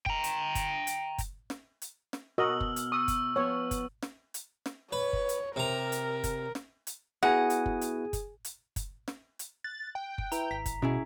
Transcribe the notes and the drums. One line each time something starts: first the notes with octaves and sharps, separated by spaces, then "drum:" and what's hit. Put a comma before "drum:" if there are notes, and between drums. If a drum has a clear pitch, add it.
G5 A#5, drum: kick F#1
drum: hi-hat
drum: kick F#1, hi-hat
drum: hi-hat
drum: kick F#1, hi-hat
drum: snare
drum: hi-hat
drum: snare
B2 F#4 A#4 D#5 E6 F6 F#7
drum: kick F#1
drum: hi-hat
C#6 D#6 E6
drum: kick F#1, hi-hat
F3 B3 C#5
drum: kick F#1, hi-hat
drum: snare
drum: hi-hat
drum: snare
B4 C#5
drum: kick F#1
drum: hi-hat
C3 A#4 A#5
drum: hi-hat
drum: kick F#1, hi-hat
drum: snare
drum: hi-hat
B3 E4 F#4 G#4 F#5 G#5
drum: hi-hat
drum: kick F#1
drum: hi-hat
drum: kick F#1, hi-hat
drum: hi-hat
drum: kick F#1, hi-hat
drum: snare
drum: hi-hat
F#6 A6
G5
drum: kick F#1
E4 B4 E5 A#5, drum: hi-hat
G#1 B6
drum: kick F#1, hi-hat
B2 C#4 E4 G#4